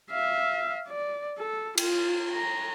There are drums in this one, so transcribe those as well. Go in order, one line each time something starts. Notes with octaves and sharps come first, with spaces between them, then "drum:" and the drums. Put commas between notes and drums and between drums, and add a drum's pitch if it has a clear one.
E5 F5
D5
A4
F4, drum: cymbal
A#5